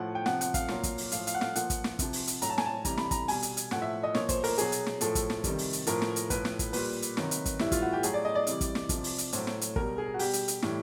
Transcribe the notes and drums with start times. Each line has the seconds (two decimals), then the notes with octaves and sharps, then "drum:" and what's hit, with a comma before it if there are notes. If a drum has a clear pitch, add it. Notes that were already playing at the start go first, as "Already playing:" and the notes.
Already playing: A2 F3 F#5
0.15 G5
0.26 C3 F3 F#5, drum: snare
0.41 F#5, drum: hi-hat
0.54 F5, drum: kick, hi-hat
0.68 A#2 F#3, drum: snare
0.83 drum: kick, hi-hat
0.98 drum: open hi-hat
1.12 A2 F3 F5, drum: hi-hat
1.27 F5, drum: hi-hat
1.35 F#5
1.41 F5, drum: snare
1.56 A#2 F3 F#5, drum: hi-hat
1.70 drum: kick, hi-hat
1.84 drum: snare
1.99 C3 F3, drum: kick, hi-hat
2.13 drum: open hi-hat
2.27 drum: hi-hat
2.42 A2 F#3 A#5, drum: hi-hat
2.50 A5
2.58 G#5, drum: snare
2.65 A5
2.85 C3 E3 G3 A#5, drum: kick, hi-hat
2.97 B5, drum: snare
3.11 A#5, drum: kick, hi-hat
3.28 B2 G3 G#5, drum: open hi-hat
3.43 drum: hi-hat
3.57 drum: hi-hat
3.71 A2 F3 F#5, drum: snare
3.82 E5
4.03 D#5
4.15 A#2 F3 C#5, drum: snare
4.29 C5, drum: kick, hi-hat
4.44 A#4, drum: open hi-hat
4.58 B2 F#3 G#4, drum: hi-hat
4.72 drum: hi-hat
4.86 drum: snare
5.01 A2 F3 A4, drum: hi-hat
5.15 drum: kick, hi-hat
5.30 drum: snare
5.44 C3 D#3 G3, drum: kick, hi-hat
5.58 drum: open hi-hat
5.73 drum: hi-hat
5.87 A2 F3 A#4, drum: hi-hat
6.02 drum: snare
6.16 drum: hi-hat
6.30 A2 F3 B4, drum: kick, hi-hat
6.45 drum: snare
6.59 drum: kick, hi-hat
6.73 A#2 G3 B4, drum: open hi-hat
7.02 drum: hi-hat
7.17 C3 D#3 F#3, drum: snare
7.31 drum: hi-hat
7.46 drum: kick, hi-hat
7.59 A2 E3 G3 E4, drum: snare
7.72 F4, drum: kick, hi-hat
7.82 F#4
7.93 G4
8.03 A2 F#3 G#4, drum: hi-hat
8.14 D5
8.25 D#5
8.35 D5
8.47 C3 E3 G3, drum: hi-hat
8.61 drum: kick, hi-hat
8.75 drum: snare
8.89 C3 F3, drum: kick, hi-hat
9.04 drum: open hi-hat
9.18 drum: hi-hat
9.33 A2 F#3 C5, drum: hi-hat
9.47 drum: snare
9.61 drum: hi-hat
9.76 B2 G3 A#4, drum: kick
9.98 G#4
10.14 F#4
10.19 B2 G3 G4, drum: open hi-hat
10.33 drum: hi-hat
10.48 drum: hi-hat
10.62 A2 E3 G3, drum: snare